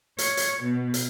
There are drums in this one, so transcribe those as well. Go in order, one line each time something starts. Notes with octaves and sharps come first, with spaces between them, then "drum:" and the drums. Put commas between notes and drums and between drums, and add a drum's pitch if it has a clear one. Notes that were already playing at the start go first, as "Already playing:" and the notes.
C#5, drum: hi-hat
drum: hi-hat
B2
drum: hi-hat